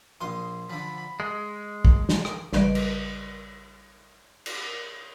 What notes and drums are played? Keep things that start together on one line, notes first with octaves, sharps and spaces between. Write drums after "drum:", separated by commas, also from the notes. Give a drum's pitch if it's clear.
A#1 F5 C6 D#6
D3 F3 B5
G#3
drum: kick
drum: snare
drum: rim click
A1 C#3 G3 B4 D#5 D7, drum: snare
drum: cymbal
drum: cymbal